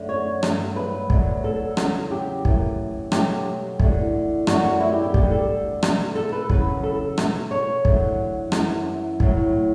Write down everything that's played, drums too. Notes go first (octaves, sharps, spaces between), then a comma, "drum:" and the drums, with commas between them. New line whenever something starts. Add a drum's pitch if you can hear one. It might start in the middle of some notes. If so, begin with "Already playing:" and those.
Already playing: F#2 D3 A3
C#5
G2 F#3 A3, drum: rim click
B4
D2 D3 F#3 A3, drum: kick
A4
E2 C#3 F#3, drum: rim click
G4
F#2 E3 A3, drum: kick
B2 F#3 A3 G4, drum: rim click
E2 D3 A3, drum: kick
F#2 D3 A3 F#4, drum: rim click
F#4
E4
G4
G4
D2 D3 G3 G4, drum: kick
A4
B2 A3, drum: rim click
A4
B4
E2 C#3 F#3 B4, drum: kick
A4
B2 A3, drum: rim click
C#5
E2 D3 F#3 A3, drum: kick
F#2 E3 A3, drum: rim click
A2 F#3 A3, drum: kick